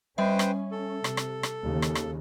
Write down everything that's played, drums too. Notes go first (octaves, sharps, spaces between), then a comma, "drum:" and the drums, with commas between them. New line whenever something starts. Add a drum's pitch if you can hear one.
G3 C#4 B4 C5 E5 G5
drum: rim click
A4
C3, drum: rim click
drum: rim click
drum: rim click
D#2 C#3
drum: rim click
drum: rim click